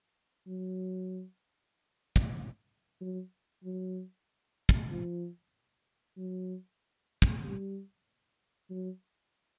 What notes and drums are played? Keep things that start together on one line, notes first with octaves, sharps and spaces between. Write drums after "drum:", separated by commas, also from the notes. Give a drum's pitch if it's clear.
F#3
drum: kick
F#3
F#3
drum: kick
F3
F#3
drum: kick
G3
F#3